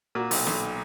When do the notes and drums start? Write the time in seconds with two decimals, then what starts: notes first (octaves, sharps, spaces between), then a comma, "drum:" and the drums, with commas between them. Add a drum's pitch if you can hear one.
0.15 A#2 F#4
0.31 B1, drum: open hi-hat
0.47 B1, drum: snare